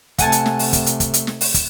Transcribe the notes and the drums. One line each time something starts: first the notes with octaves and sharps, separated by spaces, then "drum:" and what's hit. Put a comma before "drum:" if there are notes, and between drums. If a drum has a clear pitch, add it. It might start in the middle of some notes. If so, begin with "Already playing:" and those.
C3 A3 F#5 G#5 A5, drum: kick, hi-hat
drum: hi-hat
drum: snare
drum: open hi-hat
drum: kick, hi-hat
drum: hi-hat
drum: kick, hi-hat
drum: hi-hat
drum: snare
drum: open hi-hat
drum: kick, hi-hat